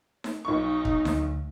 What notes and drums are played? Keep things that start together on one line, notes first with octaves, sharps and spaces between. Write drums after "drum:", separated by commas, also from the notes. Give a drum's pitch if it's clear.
drum: snare D#4
B1 D#4 C#6
drum: kick
D2, drum: snare D#4